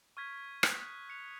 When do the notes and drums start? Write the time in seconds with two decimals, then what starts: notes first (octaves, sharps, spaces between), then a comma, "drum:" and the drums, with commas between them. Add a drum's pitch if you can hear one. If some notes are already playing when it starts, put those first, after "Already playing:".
0.17 C#6 F6 G#6 B6
0.63 D#6 F#6 B6, drum: rim click
1.09 F#6 C#7 F7